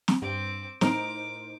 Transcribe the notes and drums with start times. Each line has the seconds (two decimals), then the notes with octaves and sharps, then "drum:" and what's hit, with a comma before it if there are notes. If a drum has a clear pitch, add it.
0.08 drum: snare
0.22 G2 C4 D6
0.81 A2 D#4 A#4 C5 D6, drum: snare